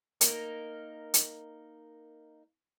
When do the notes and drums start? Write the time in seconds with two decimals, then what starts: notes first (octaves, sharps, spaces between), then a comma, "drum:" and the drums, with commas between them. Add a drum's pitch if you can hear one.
0.21 A#3 D#4 A#4, drum: hi-hat
1.14 drum: hi-hat